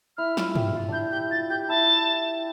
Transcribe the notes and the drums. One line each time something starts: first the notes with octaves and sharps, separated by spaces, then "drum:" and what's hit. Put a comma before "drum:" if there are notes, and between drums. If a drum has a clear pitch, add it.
E4 F6
F4, drum: snare
G4, drum: tom
F4
D4 E4 G6
G4 G6
F4 A6
G4 G6
E4 A5